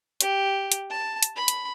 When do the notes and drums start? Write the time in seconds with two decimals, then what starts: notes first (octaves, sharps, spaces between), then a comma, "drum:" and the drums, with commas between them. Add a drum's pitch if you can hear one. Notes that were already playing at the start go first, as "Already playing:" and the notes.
0.21 G4, drum: hi-hat
0.72 drum: hi-hat
0.90 A5
1.23 drum: hi-hat
1.36 B5
1.48 drum: hi-hat